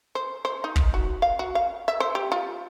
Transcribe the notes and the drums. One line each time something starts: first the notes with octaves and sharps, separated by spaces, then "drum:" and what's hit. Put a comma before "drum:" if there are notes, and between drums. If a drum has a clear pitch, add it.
C5
C5
D#4
drum: kick
F#4
F5
F#4
F5
E5
C5
G4
F4